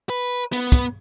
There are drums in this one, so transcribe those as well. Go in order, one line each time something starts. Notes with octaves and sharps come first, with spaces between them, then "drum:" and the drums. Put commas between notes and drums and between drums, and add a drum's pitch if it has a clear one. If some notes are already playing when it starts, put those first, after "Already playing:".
B4
B3, drum: hi-hat
drum: kick, hi-hat